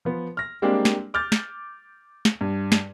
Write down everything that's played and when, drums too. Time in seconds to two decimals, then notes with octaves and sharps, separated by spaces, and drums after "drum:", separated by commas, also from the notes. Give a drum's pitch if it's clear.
0.05 F3 B3
0.37 F6 A#6
0.62 G3 G#3 A#3 C4 D4 G4
0.85 drum: snare
1.14 D6 F6 G6 A6
1.32 drum: snare
2.25 drum: snare
2.41 G2
2.72 drum: snare